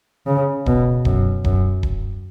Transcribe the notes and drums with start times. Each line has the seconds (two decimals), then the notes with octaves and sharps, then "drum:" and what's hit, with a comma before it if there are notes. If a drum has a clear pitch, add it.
0.27 C#3
0.66 B2, drum: kick D#1
1.05 F#2, drum: kick D#1
1.44 F#2, drum: kick D#1
1.83 drum: kick D#1